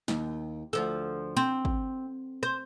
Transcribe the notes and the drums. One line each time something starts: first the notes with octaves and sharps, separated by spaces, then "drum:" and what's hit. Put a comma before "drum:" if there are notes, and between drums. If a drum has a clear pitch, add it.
D#2, drum: snare
D2 F3 A4
C4
drum: kick
C5, drum: rim click